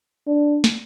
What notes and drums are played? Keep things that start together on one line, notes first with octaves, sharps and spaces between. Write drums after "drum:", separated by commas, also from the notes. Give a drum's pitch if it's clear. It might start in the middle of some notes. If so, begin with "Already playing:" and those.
D4
drum: snare